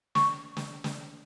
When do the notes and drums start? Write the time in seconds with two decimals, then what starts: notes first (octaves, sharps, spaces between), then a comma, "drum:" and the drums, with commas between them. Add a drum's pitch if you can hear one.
0.15 C#6, drum: snare
0.57 drum: snare
0.84 drum: snare